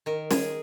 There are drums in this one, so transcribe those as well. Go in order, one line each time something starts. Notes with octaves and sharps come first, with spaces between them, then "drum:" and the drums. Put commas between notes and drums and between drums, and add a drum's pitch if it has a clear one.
D#3 A#4
G#4, drum: snare